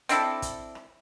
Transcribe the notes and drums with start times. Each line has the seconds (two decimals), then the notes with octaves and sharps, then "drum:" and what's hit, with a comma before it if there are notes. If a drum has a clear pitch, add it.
0.09 C4 D4 E4 A4, drum: hi-hat
0.42 drum: kick, hi-hat
0.75 drum: rim click